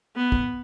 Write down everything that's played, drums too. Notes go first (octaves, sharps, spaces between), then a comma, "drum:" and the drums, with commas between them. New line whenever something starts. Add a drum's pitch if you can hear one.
B3
drum: kick